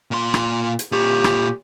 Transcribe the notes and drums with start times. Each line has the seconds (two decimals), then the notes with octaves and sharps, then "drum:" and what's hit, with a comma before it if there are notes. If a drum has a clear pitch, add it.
0.11 A#2 C6
0.34 drum: rim click
0.79 drum: hi-hat
0.92 A#2 G4 C#5
1.24 drum: rim click